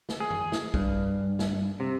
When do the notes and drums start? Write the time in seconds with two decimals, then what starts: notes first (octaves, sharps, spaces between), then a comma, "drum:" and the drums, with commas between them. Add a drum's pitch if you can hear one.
0.09 drum: snare
0.20 G#4
0.30 drum: tom
0.52 drum: snare
0.74 G2, drum: kick
1.39 drum: snare
1.80 C3